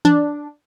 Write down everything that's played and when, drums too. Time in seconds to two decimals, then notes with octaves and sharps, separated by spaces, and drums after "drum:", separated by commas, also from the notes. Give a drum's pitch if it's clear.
0.05 D4, drum: tom E3